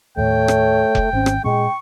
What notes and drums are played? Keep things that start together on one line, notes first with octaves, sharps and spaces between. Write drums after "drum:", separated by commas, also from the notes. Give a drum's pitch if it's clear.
D#2 A2 A3 C#5 G5
drum: rim click
drum: kick F1
G#1 C4 C#4
drum: rim click
A#2 G#3 C#4 G5 C#6